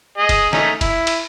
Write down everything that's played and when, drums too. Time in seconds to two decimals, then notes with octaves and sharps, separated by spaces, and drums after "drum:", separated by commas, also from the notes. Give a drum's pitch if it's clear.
0.18 G#4 D#5
0.29 drum: kick, cymbal
0.53 A3 C#4 D#4, drum: snare
0.81 E4, drum: kick, cymbal
1.07 drum: cymbal